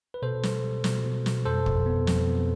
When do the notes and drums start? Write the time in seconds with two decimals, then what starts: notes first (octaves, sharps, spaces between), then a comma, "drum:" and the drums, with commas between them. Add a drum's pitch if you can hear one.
0.14 B4
0.22 B2 A4 C5
0.43 G3, drum: snare
0.64 G3
0.84 B2, drum: snare
1.05 B2
1.26 B2, drum: snare
1.46 F2 A4 C5
1.66 F2, drum: kick
1.86 B3
2.07 F2, drum: snare
2.27 B3